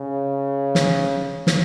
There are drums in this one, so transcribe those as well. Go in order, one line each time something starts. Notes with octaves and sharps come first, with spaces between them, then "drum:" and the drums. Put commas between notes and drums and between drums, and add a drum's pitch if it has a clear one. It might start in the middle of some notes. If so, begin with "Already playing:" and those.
Already playing: C#3
drum: snare
drum: snare